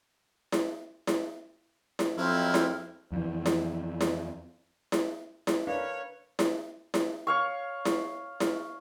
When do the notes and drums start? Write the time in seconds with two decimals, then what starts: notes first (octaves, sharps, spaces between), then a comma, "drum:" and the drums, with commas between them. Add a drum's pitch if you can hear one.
0.52 drum: snare E4
1.07 drum: snare E4
1.99 drum: snare E4
2.17 F2 F#3 C4 E4 F6
2.54 drum: snare E4
3.12 F2 E3
3.46 drum: snare E4
4.01 drum: snare E4
4.92 drum: snare E4
5.47 drum: snare E4
5.67 D4 A#4 B4 C#5 F5
6.39 drum: snare E4
6.94 drum: snare E4
7.27 C#5 F5 C#6
7.85 drum: snare E4
8.40 drum: snare E4